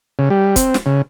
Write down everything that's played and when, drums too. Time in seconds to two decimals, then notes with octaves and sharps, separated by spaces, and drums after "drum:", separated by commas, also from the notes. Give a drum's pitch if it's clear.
0.19 C#3
0.30 G3
0.56 C4, drum: kick, hi-hat
0.74 drum: snare
0.86 C#3